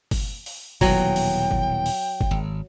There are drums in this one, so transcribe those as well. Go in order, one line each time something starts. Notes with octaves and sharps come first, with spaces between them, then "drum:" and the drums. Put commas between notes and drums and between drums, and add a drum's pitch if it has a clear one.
drum: kick, open hi-hat
drum: open hi-hat
D#1 B2 E3 F#3 G5, drum: kick, open hi-hat
drum: open hi-hat
drum: kick
drum: open hi-hat
drum: kick
G#1